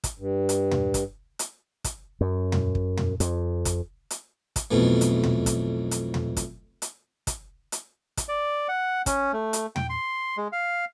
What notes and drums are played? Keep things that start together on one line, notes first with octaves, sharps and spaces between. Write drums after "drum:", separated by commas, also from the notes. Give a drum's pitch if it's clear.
drum: kick, hi-hat
G2
drum: hi-hat
drum: tom
drum: kick, hi-hat
drum: hi-hat
drum: kick, hi-hat
F#2
drum: tom
drum: kick
drum: tom
F2, drum: hi-hat
drum: kick, hi-hat
drum: hi-hat
drum: kick, hi-hat
B1 F2 B2 E3 A3
drum: hi-hat
drum: tom
drum: kick, hi-hat
drum: hi-hat
drum: tom
drum: kick, hi-hat
drum: hi-hat
drum: kick, hi-hat
drum: hi-hat
drum: kick, hi-hat
D5
F#5
C#4, drum: kick, hi-hat
A3
drum: hi-hat
G5, drum: tom
C6
G#3
F5